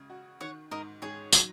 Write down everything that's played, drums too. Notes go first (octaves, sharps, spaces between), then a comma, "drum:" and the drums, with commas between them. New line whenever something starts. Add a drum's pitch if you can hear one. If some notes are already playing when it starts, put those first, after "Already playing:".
Already playing: C#2 C#3
F#4
D#3 C#5 F#5
G#2 A#4 D#5
G#2 G#4 C#5
F#3, drum: tambourine